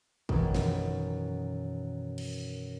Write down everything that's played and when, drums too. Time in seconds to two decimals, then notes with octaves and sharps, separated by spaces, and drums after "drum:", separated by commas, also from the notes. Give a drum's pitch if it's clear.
0.29 F#2 B2 D#3 E3, drum: kick
0.54 drum: snare
2.18 drum: cymbal